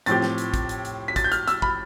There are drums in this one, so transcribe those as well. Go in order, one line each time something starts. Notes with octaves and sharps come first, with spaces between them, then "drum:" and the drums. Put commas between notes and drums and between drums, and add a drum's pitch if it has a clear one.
A2 F3 C4 G4 A6, drum: hi-hat
drum: snare
drum: hi-hat
drum: kick, hi-hat
drum: hi-hat
drum: hi-hat
B6
A6, drum: kick, hi-hat
G6
F6, drum: hi-hat
E6, drum: hi-hat
B5, drum: kick